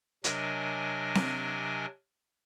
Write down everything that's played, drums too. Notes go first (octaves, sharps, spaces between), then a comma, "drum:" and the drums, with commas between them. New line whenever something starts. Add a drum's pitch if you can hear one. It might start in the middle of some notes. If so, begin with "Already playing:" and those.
C3 F#3 D4 A#4 D#5 G#5, drum: hi-hat
drum: snare C4